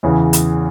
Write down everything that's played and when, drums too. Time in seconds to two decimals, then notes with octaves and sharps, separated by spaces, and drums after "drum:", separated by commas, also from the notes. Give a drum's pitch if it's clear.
0.03 E2 C#3 E3
0.33 drum: hi-hat